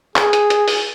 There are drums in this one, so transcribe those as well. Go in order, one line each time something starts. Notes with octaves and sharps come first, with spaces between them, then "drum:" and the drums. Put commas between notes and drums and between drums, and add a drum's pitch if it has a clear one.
G#4, drum: clap
drum: hi-hat
drum: hi-hat
drum: open hi-hat